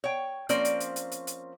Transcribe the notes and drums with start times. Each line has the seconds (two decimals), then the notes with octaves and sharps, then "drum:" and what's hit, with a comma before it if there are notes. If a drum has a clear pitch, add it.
0.04 C#5 G5
0.49 F3 A#3 C4 C#4 C5 D5, drum: hi-hat
0.65 drum: hi-hat
0.80 drum: hi-hat
0.96 drum: hi-hat
1.12 drum: hi-hat
1.27 drum: hi-hat